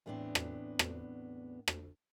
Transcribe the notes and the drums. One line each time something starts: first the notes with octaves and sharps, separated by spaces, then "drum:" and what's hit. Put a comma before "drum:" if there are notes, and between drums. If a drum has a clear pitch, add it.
E2 A2 B3 C4 D4
drum: rim click
drum: rim click
drum: rim click